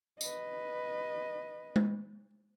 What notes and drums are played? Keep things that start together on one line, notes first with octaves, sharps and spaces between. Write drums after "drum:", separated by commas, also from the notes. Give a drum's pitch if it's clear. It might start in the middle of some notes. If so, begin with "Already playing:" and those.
B4 D#5, drum: tambourine
drum: tom G#3